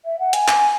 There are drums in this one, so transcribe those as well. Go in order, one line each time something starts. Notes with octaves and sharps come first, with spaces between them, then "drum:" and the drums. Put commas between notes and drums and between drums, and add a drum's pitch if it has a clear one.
E5
F#5
G#5, drum: hi-hat
drum: clap